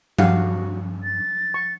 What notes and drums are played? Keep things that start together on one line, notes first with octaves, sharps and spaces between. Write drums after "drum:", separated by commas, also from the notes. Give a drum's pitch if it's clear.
G2 F#4 G4 F5 F#5, drum: tom F3
A6
C#6